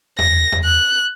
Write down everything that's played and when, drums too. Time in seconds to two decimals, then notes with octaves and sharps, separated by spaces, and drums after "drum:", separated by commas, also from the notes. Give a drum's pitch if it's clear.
0.19 A#6, drum: tom E2
0.52 drum: tom E2
0.64 F#6